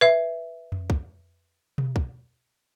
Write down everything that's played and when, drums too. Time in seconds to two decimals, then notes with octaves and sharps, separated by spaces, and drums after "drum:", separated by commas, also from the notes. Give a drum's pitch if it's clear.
0.01 B4 E5
0.72 drum: tom F2
0.90 drum: kick
1.78 drum: tom B2
1.96 drum: kick